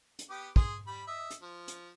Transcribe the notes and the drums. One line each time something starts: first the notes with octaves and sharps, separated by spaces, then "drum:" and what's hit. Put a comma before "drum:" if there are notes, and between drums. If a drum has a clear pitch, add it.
drum: hi-hat
B3 G4 D6
G#4 C6, drum: kick
G3 B5
D#5 E5
drum: hi-hat
F3
drum: hi-hat